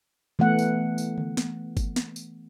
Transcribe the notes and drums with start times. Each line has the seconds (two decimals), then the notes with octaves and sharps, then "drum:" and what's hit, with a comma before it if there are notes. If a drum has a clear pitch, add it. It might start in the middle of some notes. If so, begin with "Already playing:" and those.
0.39 E3 A3 B3 F#5
0.59 drum: tambourine
0.98 drum: tambourine
1.18 drum: tom D3
1.37 drum: snare
1.77 drum: kick G1, tambourine
1.96 drum: snare
2.16 drum: tambourine